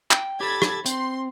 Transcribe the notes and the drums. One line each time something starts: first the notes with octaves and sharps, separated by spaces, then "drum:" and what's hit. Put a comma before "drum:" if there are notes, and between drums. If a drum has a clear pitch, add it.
G5, drum: clap
G4 A4 B5 G#6 A6
drum: rim click
C4 C6, drum: hi-hat